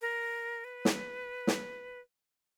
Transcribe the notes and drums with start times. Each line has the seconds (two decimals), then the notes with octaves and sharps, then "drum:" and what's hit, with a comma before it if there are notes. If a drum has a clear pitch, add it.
0.01 A#4
0.64 B4
0.85 drum: snare
1.47 drum: snare